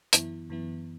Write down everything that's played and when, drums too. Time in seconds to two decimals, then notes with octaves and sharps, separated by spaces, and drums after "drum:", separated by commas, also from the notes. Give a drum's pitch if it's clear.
0.13 F#2 E3 B3 E4, drum: hi-hat
0.50 F#2 E3 B3 E4